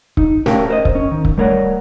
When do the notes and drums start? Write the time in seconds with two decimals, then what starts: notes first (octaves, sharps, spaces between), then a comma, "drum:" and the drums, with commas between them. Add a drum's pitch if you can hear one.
0.17 D#4, drum: kick C#1
0.46 A3 C#4 G4 A#4 F5 G5, drum: snare
0.68 A#4 C5 D#5
0.85 drum: kick C#1
0.95 C#4
1.11 D#3
1.25 drum: kick C#1
1.38 G3 A3 A#4 C#5 F5 F#5